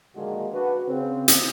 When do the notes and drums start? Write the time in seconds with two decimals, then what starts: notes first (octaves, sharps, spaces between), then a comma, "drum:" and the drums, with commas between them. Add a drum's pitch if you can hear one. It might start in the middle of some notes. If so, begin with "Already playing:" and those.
0.16 A#1 D3 D#3 G#3 A#3 F#4
0.53 D4 F#4 B4
0.87 C#3 C4
1.28 drum: hi-hat